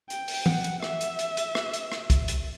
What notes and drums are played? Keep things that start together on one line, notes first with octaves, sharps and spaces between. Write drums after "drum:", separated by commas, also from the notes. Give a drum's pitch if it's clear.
G5, drum: hi-hat
drum: open hi-hat
F#5, drum: tom E3
drum: hi-hat
E5, drum: rim click
drum: hi-hat
drum: hi-hat
drum: hi-hat
drum: rim click
drum: hi-hat
drum: rim click
drum: kick, hi-hat
drum: hi-hat